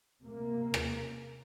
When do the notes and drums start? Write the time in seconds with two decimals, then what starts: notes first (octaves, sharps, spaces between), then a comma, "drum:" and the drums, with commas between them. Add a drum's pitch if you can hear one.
0.22 C3 A#3
0.74 drum: rim click